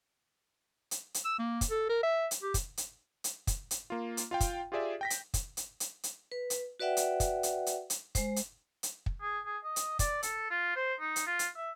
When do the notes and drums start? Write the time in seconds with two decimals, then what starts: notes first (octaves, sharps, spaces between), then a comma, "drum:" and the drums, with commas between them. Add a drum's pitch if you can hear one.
0.91 drum: hi-hat
1.14 drum: hi-hat
1.25 E6
1.39 A#3
1.61 drum: kick, hi-hat
1.70 A4
1.89 A#4
2.03 E5
2.31 drum: hi-hat
2.43 G4
2.54 drum: kick, hi-hat
2.77 drum: hi-hat
3.24 drum: hi-hat
3.47 drum: kick, hi-hat
3.71 drum: hi-hat
3.90 A#3 F4
4.17 drum: hi-hat
4.31 F4 F5 G5
4.40 drum: kick, hi-hat
4.72 F4 G4 G#4 D5 E5
5.01 G5 A#6 B6
5.10 drum: hi-hat
5.34 drum: kick, hi-hat
5.57 drum: hi-hat
5.80 drum: hi-hat
6.03 drum: hi-hat
6.32 B4
6.50 drum: hi-hat
6.80 F#4 B4 D5 E5 F#5 G5
6.97 drum: hi-hat
7.20 drum: kick, hi-hat
7.43 drum: hi-hat
7.66 drum: hi-hat
7.90 drum: hi-hat
8.15 G#3 C5, drum: kick, hi-hat
8.36 drum: hi-hat
8.83 drum: hi-hat
9.06 drum: kick
9.21 G#4
9.45 G#4
9.64 D#5
9.76 drum: hi-hat
9.99 D5, drum: kick, hi-hat
10.23 A4, drum: hi-hat
10.50 F4
10.76 C5
11.00 D#4
11.16 drum: hi-hat
11.26 F4
11.39 drum: hi-hat
11.56 E5